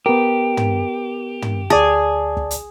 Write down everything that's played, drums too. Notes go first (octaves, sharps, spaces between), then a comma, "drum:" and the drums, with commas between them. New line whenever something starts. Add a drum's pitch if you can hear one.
B3 G4 A#4
drum: tom
drum: tom
D2 G#4 D5 A5
drum: kick
drum: hi-hat